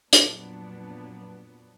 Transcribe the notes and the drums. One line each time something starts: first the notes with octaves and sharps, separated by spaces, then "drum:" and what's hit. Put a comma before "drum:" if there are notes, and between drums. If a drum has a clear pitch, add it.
F2 A#2 F#3 B3 D4, drum: hi-hat